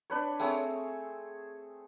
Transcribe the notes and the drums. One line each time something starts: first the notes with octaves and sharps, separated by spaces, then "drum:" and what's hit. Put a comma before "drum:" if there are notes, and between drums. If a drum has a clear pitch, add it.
D4 B4 C#5
A3 C4 G#4 C#5, drum: tambourine